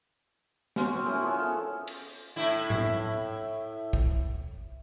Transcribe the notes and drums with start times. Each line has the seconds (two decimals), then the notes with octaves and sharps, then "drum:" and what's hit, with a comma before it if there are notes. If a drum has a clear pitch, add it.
0.76 C#4 F#4 C5, drum: snare
0.90 C4
1.05 C#4 E4 G#4 A#4
1.22 F3 B3 C#4
1.38 A4 E5
1.87 drum: cymbal
2.36 A2 E4
2.70 drum: tom G#2
3.93 drum: kick